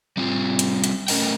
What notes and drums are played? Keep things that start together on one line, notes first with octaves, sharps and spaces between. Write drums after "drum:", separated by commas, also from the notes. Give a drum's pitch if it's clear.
G3 C4 F4
drum: hi-hat
drum: hi-hat
A3 C#4 A#4 D#5 G5, drum: open hi-hat